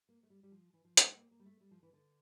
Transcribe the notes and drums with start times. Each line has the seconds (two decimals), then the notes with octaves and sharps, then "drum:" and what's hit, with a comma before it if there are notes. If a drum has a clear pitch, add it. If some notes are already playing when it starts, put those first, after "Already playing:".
0.09 A#3
0.23 A3
0.30 G3
0.43 G3
0.52 F3
0.73 E3
0.85 F3
0.97 G3, drum: hi-hat
1.06 A3
1.17 A#3
1.31 A#3
1.39 G3
1.46 A3
1.61 G3
1.71 F3
1.83 E3
1.93 D3